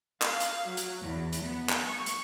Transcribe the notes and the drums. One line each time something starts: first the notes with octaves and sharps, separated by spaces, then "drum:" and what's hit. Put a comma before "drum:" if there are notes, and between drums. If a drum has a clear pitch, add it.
F5, drum: clap
drum: hi-hat
F#3
drum: hi-hat
E2
drum: hi-hat
B3
drum: clap
C#6
drum: hi-hat